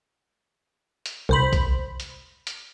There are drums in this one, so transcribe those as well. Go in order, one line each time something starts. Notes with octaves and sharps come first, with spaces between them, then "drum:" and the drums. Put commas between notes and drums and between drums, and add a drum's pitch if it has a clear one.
drum: hi-hat
C2 C5 B5, drum: tom A#2
drum: kick B1, hi-hat
drum: hi-hat
drum: hi-hat